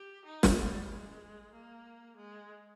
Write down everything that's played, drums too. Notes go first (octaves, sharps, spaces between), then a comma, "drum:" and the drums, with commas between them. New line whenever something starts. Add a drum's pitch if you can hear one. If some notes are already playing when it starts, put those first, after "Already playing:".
Already playing: G4
D#4
drum: snare
G3
G#3
A#3
G#3